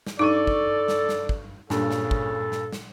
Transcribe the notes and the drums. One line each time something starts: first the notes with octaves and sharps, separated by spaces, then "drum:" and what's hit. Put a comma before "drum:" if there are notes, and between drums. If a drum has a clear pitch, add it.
drum: snare
G2 D#4 A4 D5 C#6 D#7
drum: kick
drum: snare
drum: snare
drum: kick
G2 A#2 C#3 A4, drum: snare
drum: snare
drum: kick
drum: snare
drum: snare